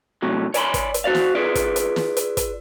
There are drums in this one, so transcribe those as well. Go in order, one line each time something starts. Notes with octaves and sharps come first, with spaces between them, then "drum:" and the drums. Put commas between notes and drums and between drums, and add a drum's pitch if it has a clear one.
A2 C3 F#3
C#5 D5 G#5 A5 B5 C6, drum: hi-hat
drum: kick, hi-hat
drum: hi-hat
F#4 C5 D5 F5
drum: snare
F4 G#4 B4 D5
drum: kick, hi-hat
drum: hi-hat
drum: snare
drum: hi-hat
drum: kick, hi-hat